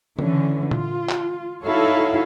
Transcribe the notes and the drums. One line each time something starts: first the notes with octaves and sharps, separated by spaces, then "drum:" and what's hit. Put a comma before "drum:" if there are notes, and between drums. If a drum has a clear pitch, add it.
D3 E3 C#4, drum: tom C#3
F4, drum: tom A#2
drum: clap
D#4 E4 F#4 A4 C#5 F5